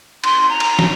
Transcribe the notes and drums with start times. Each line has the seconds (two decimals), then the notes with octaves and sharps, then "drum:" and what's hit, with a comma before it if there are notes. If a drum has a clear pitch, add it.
0.24 C6, drum: cymbal
0.49 A#5
0.60 drum: cymbal
0.79 drum: snare